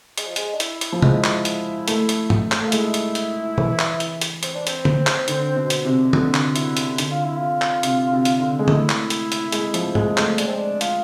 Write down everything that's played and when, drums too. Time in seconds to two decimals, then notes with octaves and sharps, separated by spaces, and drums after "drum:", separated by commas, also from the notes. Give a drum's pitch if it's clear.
0.18 G#3, drum: hi-hat
0.27 F3
0.36 G#3, drum: hi-hat
0.54 D4
0.60 E4, drum: hi-hat
0.81 drum: hi-hat
0.92 F3
1.02 G#3 E4, drum: tom
1.24 drum: clap
1.45 drum: hi-hat
1.88 A3, drum: hi-hat
2.09 drum: hi-hat
2.30 drum: tom
2.51 drum: clap
2.62 A3 F4
2.72 G#3 E4, drum: hi-hat
2.94 drum: hi-hat
3.15 drum: hi-hat
3.58 E3, drum: tom
3.79 drum: clap
4.00 drum: hi-hat
4.21 drum: hi-hat
4.43 C4, drum: hi-hat
4.55 D4
4.67 C4, drum: hi-hat
4.85 drum: tom
5.07 drum: clap
5.28 D3, drum: hi-hat
5.56 B2
5.70 drum: hi-hat
5.85 C3
6.13 D3, drum: tom
6.34 drum: clap
6.56 E4, drum: hi-hat
6.77 drum: hi-hat
6.98 D3, drum: hi-hat
7.11 F4
7.25 E4
7.37 F4
7.62 drum: clap
7.83 C3, drum: hi-hat
8.12 C3
8.25 drum: hi-hat
8.39 D3
8.59 G#3
8.68 A3 E4, drum: tom
8.89 drum: clap
9.10 drum: hi-hat
9.32 drum: hi-hat
9.52 G#3, drum: hi-hat
9.74 F3, drum: hi-hat
9.95 G#3, drum: tom
10.17 A3, drum: clap
10.38 G#3 D4, drum: hi-hat
10.47 C4
10.54 D4
10.81 F4, drum: hi-hat